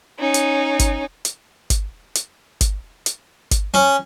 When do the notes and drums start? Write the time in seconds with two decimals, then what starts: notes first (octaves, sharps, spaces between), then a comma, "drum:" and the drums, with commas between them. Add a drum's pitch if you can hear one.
0.19 C#4 D#4
0.34 drum: hi-hat
0.79 drum: kick G#1, hi-hat
1.25 drum: hi-hat
1.70 drum: kick G#1, hi-hat
2.15 drum: hi-hat
2.61 drum: kick G#1, hi-hat
3.06 drum: hi-hat
3.51 drum: kick G#1, hi-hat
3.74 C#4